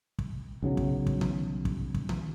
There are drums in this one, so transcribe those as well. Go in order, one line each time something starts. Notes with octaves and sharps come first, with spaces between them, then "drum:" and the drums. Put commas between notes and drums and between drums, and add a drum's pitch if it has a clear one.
drum: kick
B1 C#3 E3 F#3
drum: kick
drum: kick
drum: tom D#3
drum: kick
drum: kick
drum: tom D#3